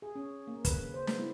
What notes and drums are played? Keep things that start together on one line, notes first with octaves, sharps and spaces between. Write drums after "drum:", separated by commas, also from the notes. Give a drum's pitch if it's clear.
G#4
C#4
A#3
B4, drum: kick, hi-hat
C#3
C5
B3, drum: snare
E4